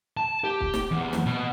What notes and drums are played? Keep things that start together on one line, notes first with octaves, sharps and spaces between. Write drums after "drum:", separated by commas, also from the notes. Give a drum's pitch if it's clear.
A5
G4
drum: kick
drum: snare
E2
drum: snare
B2